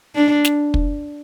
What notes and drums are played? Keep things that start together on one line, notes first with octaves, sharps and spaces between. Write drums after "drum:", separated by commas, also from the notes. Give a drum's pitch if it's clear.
D4
drum: snare
drum: kick